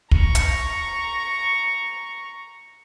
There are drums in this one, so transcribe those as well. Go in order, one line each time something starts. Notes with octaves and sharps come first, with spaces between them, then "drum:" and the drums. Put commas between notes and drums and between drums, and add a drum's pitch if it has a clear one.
A#5 C#6, drum: kick
drum: hi-hat